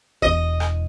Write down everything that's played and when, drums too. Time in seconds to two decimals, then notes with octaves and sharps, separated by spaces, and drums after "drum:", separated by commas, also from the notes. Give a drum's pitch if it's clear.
0.22 E1 D#5, drum: kick
0.60 drum: rim click